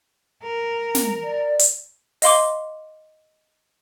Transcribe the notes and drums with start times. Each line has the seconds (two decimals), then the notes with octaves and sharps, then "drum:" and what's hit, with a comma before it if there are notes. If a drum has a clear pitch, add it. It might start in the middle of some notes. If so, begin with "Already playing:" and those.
0.43 A#4
0.95 drum: snare
1.23 D5
1.59 drum: hi-hat
2.22 D#5 F5 C6 D6, drum: open hi-hat